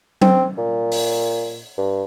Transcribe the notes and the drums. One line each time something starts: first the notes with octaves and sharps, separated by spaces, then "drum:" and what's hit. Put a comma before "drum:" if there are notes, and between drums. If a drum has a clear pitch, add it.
C4, drum: tom F#3
A#2
drum: open hi-hat
G2